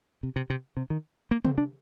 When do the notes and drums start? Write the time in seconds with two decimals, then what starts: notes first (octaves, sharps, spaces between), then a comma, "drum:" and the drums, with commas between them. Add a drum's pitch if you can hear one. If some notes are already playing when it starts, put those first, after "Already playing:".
0.23 C3
0.36 C3
0.50 C3
0.77 C3
0.90 D#3
1.31 A#3
1.45 C4, drum: tom C3
1.58 D4